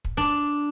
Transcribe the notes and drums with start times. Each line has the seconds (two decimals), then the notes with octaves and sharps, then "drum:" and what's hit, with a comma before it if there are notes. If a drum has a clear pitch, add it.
0.05 drum: kick
0.17 D4